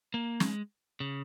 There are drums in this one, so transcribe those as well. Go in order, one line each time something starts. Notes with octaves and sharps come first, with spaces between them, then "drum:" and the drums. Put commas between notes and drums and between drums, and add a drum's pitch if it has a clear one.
A#3
G#3, drum: snare
C#3